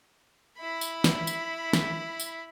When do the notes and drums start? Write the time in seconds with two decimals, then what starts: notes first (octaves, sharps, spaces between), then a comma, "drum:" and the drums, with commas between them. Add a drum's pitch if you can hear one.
0.58 E4 B5
0.81 drum: tambourine
1.04 drum: snare
1.27 drum: tambourine
1.73 drum: snare
2.20 drum: tambourine